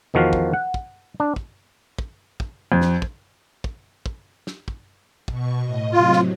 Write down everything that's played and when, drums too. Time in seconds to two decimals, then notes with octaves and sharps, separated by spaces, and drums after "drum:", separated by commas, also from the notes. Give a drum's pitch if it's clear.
0.14 E2 D#3 F3 F#4 F5
0.33 drum: kick
0.54 F#5
0.74 drum: kick
1.20 D4
1.36 drum: kick
1.98 drum: kick
2.40 drum: kick
2.72 F2
2.81 drum: snare
3.02 drum: kick
3.64 drum: kick
4.06 drum: kick
4.47 drum: snare
4.68 drum: kick
5.28 B2 C#6, drum: kick
5.63 A2 D#5
5.93 A2 C3 F#3 F4
6.13 drum: snare